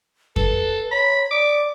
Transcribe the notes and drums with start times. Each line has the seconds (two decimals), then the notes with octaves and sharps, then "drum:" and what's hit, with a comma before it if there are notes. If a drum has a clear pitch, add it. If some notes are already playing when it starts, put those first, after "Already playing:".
0.36 A4 B4, drum: kick F2
0.91 C#5 B5
1.31 D5 D6